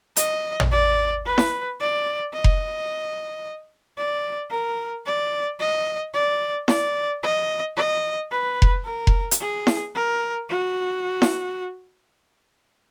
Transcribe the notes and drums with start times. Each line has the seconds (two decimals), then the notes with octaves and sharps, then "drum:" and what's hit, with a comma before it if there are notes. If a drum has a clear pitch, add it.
0.16 D#5, drum: hi-hat
0.60 drum: tom
0.72 D5
1.26 B4
1.38 drum: snare E4
1.80 D5
2.34 D#5
2.44 drum: kick F1
3.97 D5
4.51 A#4
5.06 D5
5.60 D#5
6.14 D5
6.68 D5, drum: snare E4
7.23 D#5
7.77 D#5
8.32 B4
8.62 drum: kick F1
8.85 A#4
9.07 drum: kick F1
9.31 drum: hi-hat
9.41 G#4
9.67 drum: snare E4
9.95 A#4
10.49 F#4
11.22 drum: snare E4